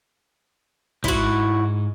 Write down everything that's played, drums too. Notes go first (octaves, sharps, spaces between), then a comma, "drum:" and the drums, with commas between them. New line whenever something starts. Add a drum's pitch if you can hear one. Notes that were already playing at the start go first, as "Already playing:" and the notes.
G#2 E4 F#4 C6, drum: kick